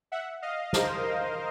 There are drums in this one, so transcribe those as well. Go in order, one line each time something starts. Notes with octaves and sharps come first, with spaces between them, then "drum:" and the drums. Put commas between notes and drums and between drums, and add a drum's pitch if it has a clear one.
E5 F#5
D#5 F5
A#4 C5, drum: snare